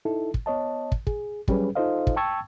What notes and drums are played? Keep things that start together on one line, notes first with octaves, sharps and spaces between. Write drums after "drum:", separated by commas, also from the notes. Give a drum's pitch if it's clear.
D#4 E4 A4
drum: kick
B3 C#5 D#5 A5
drum: kick
G#4, drum: kick
F#3 G3 C#4 G#4 B4, drum: kick
D#4 F4 A4 C5 D#5 F5
drum: kick
G5 A5 C#6 E6 G#6 A6